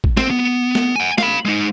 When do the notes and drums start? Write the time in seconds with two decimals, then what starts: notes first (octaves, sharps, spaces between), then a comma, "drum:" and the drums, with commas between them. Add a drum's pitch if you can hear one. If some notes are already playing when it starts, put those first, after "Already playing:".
0.04 drum: kick
0.17 C4 C5, drum: snare
0.30 B3
0.75 drum: snare
0.96 F#5 G#5
1.18 F5 B5, drum: snare
1.45 G#3 D#4